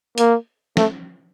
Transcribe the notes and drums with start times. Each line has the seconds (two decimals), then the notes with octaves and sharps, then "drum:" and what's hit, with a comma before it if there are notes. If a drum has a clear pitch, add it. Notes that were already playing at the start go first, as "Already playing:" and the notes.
0.18 A#3, drum: hi-hat
0.77 A3, drum: snare